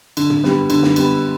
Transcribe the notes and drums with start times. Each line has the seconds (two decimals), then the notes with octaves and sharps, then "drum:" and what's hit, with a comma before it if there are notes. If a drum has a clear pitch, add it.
0.17 D3, drum: cymbal
0.30 drum: tom
0.44 G3 B3, drum: snare
0.70 D3, drum: cymbal
0.83 drum: snare
0.96 G3 B3, drum: cymbal